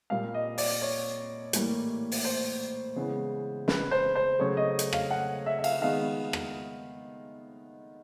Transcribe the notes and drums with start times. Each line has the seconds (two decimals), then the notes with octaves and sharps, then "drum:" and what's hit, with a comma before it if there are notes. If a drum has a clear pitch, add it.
0.10 A#2 G3 A#3 F5
0.34 D#5
0.58 D5, drum: open hi-hat
0.82 C#5
1.53 A2 E3 G3 A#3, drum: hi-hat
2.12 drum: open hi-hat
2.25 C5
2.96 C#3 E3 G#3 B3
3.68 B4, drum: snare
3.91 C5
4.15 C5
4.39 C#3 F#3 A3 C#5
4.57 D#5
4.79 drum: hi-hat
4.93 F5, drum: rim click
5.11 F#5
5.46 E5
5.59 E5
5.64 F5, drum: cymbal
5.82 D#3 G#3 B3 F5
6.33 drum: rim click